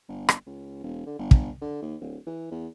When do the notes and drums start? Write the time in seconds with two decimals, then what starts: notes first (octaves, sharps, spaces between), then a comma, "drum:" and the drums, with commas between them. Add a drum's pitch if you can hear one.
0.09 G1
0.29 drum: rim click
0.47 C#2
0.83 E1
1.06 D3
1.19 G1
1.31 drum: kick
1.61 D3
1.82 D#2
2.01 D1
2.27 E3
2.51 E2